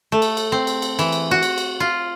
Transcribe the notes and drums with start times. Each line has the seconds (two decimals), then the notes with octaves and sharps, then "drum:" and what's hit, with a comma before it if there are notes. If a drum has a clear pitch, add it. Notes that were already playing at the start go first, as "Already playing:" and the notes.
0.12 A3
0.22 drum: cymbal
0.37 drum: cymbal
0.52 C4
0.67 drum: cymbal
0.82 drum: cymbal
0.99 E3, drum: cymbal
1.12 drum: cymbal
1.31 F#4
1.43 drum: cymbal
1.58 drum: cymbal
1.80 F4